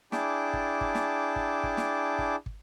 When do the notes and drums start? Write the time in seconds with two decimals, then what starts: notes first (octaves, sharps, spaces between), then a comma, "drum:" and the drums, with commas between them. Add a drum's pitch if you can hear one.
0.12 D4 E4 G#4 G5 A5 D6, drum: snare
0.53 drum: kick
0.81 drum: kick
0.95 drum: snare
1.36 drum: kick
1.63 drum: kick
1.77 drum: snare
2.18 drum: kick
2.46 drum: kick